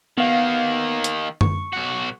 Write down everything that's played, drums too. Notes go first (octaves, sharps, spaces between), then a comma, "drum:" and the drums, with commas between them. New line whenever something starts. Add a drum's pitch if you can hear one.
D#3 A#3 B3 F5
drum: hi-hat
C#6, drum: tom F#2
B1 F#4